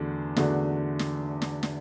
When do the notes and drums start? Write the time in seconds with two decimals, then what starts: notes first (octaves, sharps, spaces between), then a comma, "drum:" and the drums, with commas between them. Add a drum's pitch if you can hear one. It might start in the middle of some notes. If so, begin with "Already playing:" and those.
Already playing: E2 D3 A3 D4 F#4
0.37 E2 D3 A3 D4 F#4, drum: snare
0.99 drum: snare
1.42 drum: snare
1.63 drum: snare